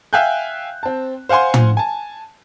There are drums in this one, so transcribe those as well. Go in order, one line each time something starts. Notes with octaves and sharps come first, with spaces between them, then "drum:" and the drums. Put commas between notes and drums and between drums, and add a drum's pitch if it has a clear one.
E5 F5 G5 G#5 F#6 G6
C4 A5
C5 F5 F#5 G#5 C6
drum: tom
G#5 A5